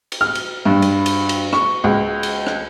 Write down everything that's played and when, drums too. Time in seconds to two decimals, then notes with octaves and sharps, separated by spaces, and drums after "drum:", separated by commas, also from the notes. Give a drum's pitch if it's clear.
0.12 drum: cymbal
0.21 F6
0.35 drum: cymbal
0.65 G2
0.82 drum: cymbal
1.06 drum: cymbal
1.29 drum: cymbal
1.53 C#6, drum: rim click
1.84 C#2
2.23 drum: cymbal
2.47 drum: rim click